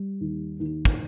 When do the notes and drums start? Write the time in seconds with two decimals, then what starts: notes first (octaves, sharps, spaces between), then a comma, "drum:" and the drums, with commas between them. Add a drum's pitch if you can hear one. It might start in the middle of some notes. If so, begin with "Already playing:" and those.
Already playing: G3
0.21 D#2
0.60 D#2
0.85 drum: kick